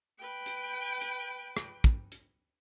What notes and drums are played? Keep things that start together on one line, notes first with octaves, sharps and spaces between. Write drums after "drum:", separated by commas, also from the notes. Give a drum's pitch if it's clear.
B4 G5
drum: hi-hat
drum: hi-hat
drum: rim click
drum: kick
drum: hi-hat